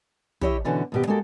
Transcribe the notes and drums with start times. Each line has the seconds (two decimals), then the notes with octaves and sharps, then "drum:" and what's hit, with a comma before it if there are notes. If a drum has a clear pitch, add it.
0.41 E4 G4 C#5 D#5 E5, drum: tom
0.65 B2 D3 E3 C#4 F#4
0.92 D#2 B2 G4
1.07 G#3 A#3 F#4 G4 A4